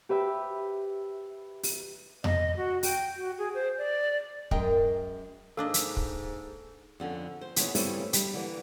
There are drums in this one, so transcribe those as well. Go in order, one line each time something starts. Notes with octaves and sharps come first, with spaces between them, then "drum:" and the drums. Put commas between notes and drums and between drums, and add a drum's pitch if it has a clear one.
G4 B4 E5 G5
drum: open hi-hat
D#5, drum: tom F2
F#4
G5, drum: open hi-hat
F#4
G#4
C5
D5
F#2 G#3 A#4 D#5 G5, drum: kick
G#2 A#3 D4 A4 D#5
drum: hi-hat
drum: kick
F2 D3 C#4
C5
C#3 E3 A#3 B3 F4 G#4, drum: hi-hat
G2 C#3 A3 A#3 C4 E4, drum: open hi-hat
G3, drum: hi-hat
D3 E3 A#3